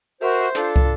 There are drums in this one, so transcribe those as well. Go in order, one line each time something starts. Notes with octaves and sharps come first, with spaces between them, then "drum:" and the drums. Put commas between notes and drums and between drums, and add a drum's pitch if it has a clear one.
F#4 A#4 C5 E5
D4 F4 A4, drum: hi-hat
drum: kick